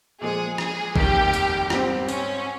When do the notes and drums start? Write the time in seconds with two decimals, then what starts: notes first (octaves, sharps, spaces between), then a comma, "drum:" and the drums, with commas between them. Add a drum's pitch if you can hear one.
0.20 A#2 F3 G#3 G#4
0.58 G#4, drum: rim click
0.96 F1 D#2 D#3 A#3 G4, drum: kick A1
1.33 drum: tambourine
1.70 G#2 G3 C4, drum: rim click
2.08 C#4, drum: tambourine